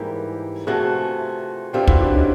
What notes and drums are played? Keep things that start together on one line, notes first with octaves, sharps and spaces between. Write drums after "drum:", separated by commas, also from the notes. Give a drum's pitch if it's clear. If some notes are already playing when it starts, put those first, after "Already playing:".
Already playing: G#2 E3 G3 A#3 G4
C3 F3 A3 F#4 G#4
G2 D3 G3 C4 F4 G4
E4 F#4, drum: kick
D4 E4
C#4 D#4